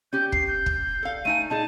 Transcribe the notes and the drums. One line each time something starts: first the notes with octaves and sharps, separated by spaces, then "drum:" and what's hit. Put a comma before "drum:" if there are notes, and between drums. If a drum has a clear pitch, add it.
C#4 G4 G6
C7, drum: kick
G6
drum: kick
A4 F5
A3 D#4 G#5 D#7
A#2 D#4 G#4 A5